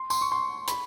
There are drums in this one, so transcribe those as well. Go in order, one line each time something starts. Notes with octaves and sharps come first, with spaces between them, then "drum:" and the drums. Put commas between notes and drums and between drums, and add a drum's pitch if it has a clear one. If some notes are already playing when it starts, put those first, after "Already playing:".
Already playing: C6
C6, drum: tambourine
C#6
C6
B5, drum: hi-hat